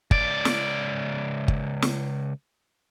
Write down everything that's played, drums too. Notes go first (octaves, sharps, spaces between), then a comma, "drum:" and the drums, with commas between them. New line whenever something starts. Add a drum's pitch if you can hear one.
C#2 D5, drum: kick G1
drum: snare
drum: kick G1
drum: snare